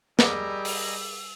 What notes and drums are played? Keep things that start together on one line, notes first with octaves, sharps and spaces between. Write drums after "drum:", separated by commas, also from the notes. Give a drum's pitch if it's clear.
G3 G#4 A#4 D#5 G#5 A#5 D6 E6, drum: snare
drum: open hi-hat